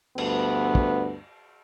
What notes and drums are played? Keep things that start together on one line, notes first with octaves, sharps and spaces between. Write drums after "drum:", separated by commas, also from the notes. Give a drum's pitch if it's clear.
D2 G2 B3, drum: cymbal
drum: kick